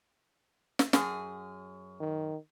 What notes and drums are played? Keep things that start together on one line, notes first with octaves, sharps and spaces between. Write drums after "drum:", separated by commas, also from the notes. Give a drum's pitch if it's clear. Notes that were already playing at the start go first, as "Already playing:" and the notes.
drum: snare
F#2 G#4, drum: snare
D#3